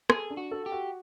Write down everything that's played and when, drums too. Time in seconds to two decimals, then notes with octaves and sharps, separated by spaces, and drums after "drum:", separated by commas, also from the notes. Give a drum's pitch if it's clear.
0.10 G#4 A4, drum: rim click
0.30 D4
0.37 F#4
0.51 A4
0.66 G4
0.72 F#4